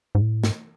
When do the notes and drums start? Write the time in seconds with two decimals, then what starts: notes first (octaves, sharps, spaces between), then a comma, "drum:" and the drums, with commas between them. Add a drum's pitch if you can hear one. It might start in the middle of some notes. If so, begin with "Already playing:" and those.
0.15 G#2
0.21 A2
0.44 G#2, drum: snare